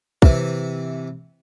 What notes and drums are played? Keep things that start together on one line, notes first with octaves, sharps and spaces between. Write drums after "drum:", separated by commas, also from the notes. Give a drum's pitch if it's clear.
C3 E3, drum: kick